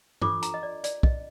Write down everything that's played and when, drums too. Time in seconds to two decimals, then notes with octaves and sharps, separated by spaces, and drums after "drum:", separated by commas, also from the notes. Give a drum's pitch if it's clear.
0.22 D4 F4 A4 C5 D6, drum: tom G2
0.42 A#5, drum: hi-hat
0.54 D#5
0.63 D5
0.84 D5, drum: hi-hat
1.03 D#5, drum: kick